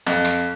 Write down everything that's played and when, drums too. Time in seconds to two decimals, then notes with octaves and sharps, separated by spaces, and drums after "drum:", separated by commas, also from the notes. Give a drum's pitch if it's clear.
0.07 F2, drum: hi-hat
0.25 drum: rim click